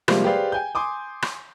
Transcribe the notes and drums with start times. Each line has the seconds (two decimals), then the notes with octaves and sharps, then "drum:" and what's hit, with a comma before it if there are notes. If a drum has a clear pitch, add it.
0.08 C3 F3 G3 G#3 A#3, drum: rim click
0.24 G4 G#4 B4 C5 D5 F5
0.52 G5 G#5 G6
0.75 G#5 C6 D6 D#6
1.22 drum: rim click